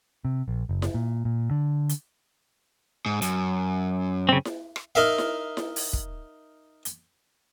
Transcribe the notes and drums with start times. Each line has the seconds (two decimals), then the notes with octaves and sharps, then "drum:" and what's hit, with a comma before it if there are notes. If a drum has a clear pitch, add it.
0.25 C3
0.48 A#1
0.69 F#1
0.82 drum: snare E4
0.94 A#2
1.25 A#2
1.51 D3
1.89 drum: hi-hat
3.06 G#2
3.22 F#2, drum: hi-hat
4.29 C#3 C4
4.45 drum: snare E4
4.76 drum: rim click
4.95 D#4 A#4 E5 F5
5.18 drum: snare E4
5.57 drum: snare E4
5.76 drum: open hi-hat
5.93 drum: kick
6.85 drum: hi-hat